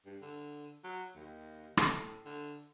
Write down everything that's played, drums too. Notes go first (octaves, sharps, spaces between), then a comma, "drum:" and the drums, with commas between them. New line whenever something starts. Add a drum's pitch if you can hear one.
G2
D3
F#3
D#2
A2, drum: rim click
D3